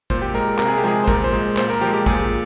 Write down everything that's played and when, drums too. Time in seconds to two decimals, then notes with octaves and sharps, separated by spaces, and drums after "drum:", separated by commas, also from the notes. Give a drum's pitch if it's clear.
0.10 A#2 C5, drum: kick
0.22 G4
0.34 G#3 A#4
0.59 C3 A#4, drum: clap
0.68 G#4
0.78 G4
0.84 F3 G#3 G#4
1.04 C5
1.08 A#2 A#4, drum: kick
1.24 C5
1.32 G#3
1.57 A#2 C5, drum: clap
1.70 A#4
1.81 F3 G#3 G4
1.94 G4
2.06 A#2 G#4, drum: kick